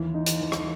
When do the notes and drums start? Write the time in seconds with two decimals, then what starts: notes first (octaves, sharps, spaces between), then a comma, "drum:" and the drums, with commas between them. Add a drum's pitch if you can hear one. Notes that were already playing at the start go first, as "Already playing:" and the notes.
Already playing: D#2 E3
0.14 D#4
0.26 drum: hi-hat
0.41 E3
0.52 drum: rim click